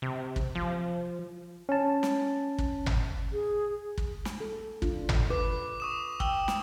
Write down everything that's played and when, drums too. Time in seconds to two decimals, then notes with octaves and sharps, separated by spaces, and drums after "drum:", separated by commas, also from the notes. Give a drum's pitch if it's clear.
0.02 C3
0.36 drum: kick
0.55 F3
1.69 C#4 A5
2.03 drum: snare
2.58 drum: kick
2.86 drum: tom G#1
3.33 G#4
3.98 drum: kick
4.25 drum: snare
4.40 A4
4.82 D4 F4, drum: kick
5.09 drum: tom G#1
5.30 B4 D6
5.80 C#6 D#6 E7
6.20 G5 E6, drum: kick
6.48 drum: snare